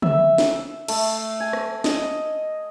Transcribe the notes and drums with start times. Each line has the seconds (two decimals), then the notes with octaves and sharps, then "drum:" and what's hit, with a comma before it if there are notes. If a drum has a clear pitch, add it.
0.02 E5, drum: tom C#3
0.38 drum: snare
0.88 A3, drum: cymbal
1.40 G#5
1.53 drum: rim click
1.84 D#5, drum: snare